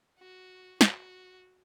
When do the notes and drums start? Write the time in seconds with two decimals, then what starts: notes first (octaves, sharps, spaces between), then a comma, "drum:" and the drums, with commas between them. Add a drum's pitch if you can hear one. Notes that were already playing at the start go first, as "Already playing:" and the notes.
0.19 F#4
0.81 F#4, drum: snare